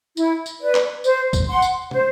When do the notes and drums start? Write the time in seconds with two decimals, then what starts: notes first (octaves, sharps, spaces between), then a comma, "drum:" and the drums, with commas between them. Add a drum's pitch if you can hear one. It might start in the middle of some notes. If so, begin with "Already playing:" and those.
0.17 E4, drum: tambourine
0.46 drum: tambourine
0.61 B4 D5
0.75 drum: clap
1.04 C5, drum: tambourine
1.33 drum: kick, tambourine
1.48 F#5 C6
1.62 drum: tambourine
1.91 C5, drum: tom